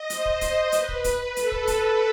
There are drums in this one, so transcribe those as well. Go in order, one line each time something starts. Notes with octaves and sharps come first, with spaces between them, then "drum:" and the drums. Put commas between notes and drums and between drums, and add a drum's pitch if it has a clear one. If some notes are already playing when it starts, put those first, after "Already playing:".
Already playing: D#5
C5, drum: hi-hat
drum: kick
drum: kick, hi-hat
B4, drum: hi-hat
drum: kick
drum: kick, hi-hat
A4, drum: hi-hat
drum: kick
drum: kick, hi-hat